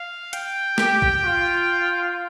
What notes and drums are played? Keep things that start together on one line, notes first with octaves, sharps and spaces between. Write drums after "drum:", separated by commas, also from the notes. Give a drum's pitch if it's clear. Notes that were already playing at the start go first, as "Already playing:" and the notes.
Already playing: F5
G5, drum: hi-hat
G4, drum: snare
drum: kick
F4